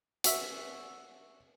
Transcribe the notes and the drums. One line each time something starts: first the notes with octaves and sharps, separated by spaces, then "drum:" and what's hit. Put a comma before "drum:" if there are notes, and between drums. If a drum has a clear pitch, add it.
F#4 E5, drum: hi-hat